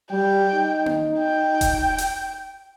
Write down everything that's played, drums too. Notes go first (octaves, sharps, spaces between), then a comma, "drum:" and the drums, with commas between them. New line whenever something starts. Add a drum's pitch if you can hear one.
G3 G5
D#4
drum: tom A#3
G5
drum: kick E1, hi-hat
drum: hi-hat